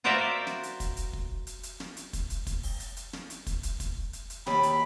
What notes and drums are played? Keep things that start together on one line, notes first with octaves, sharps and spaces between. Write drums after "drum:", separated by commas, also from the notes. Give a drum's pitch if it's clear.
F4 F#4 A#4 C5 D5 E5
drum: snare
drum: hi-hat
drum: kick, hi-hat
drum: hi-hat
drum: kick
drum: hi-hat
drum: hi-hat
drum: snare
drum: hi-hat
drum: kick, hi-hat
drum: hi-hat
drum: kick, hi-hat
drum: open hi-hat
drum: hi-hat
drum: hi-hat
drum: snare
drum: hi-hat
drum: kick, hi-hat
drum: hi-hat
drum: kick, hi-hat
drum: hi-hat
drum: hi-hat
D#2 G4 B5, drum: snare
drum: hi-hat